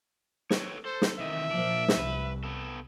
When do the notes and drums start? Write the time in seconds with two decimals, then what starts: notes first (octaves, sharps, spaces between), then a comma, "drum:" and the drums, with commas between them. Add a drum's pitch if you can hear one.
0.50 A4 B4 C#5, drum: snare
0.85 A4 C5
1.02 drum: snare
1.19 C3 D#3 E3 D#5 E5
1.51 A#2 F3 D4
1.88 drum: snare
1.98 C2 B4
2.44 B3 A4